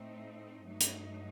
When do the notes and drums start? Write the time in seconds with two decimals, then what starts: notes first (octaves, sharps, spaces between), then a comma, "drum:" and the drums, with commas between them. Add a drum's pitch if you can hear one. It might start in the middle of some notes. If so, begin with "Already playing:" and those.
Already playing: A2 A3 C4 D#4
0.68 G2 F#3 A3 D#4
0.80 drum: hi-hat